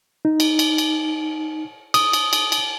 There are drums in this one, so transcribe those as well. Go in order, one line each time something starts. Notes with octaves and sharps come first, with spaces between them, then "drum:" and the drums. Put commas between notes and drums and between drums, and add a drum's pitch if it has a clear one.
D#4
drum: cymbal
drum: cymbal
drum: cymbal
D#6, drum: cymbal
drum: cymbal
drum: cymbal
drum: cymbal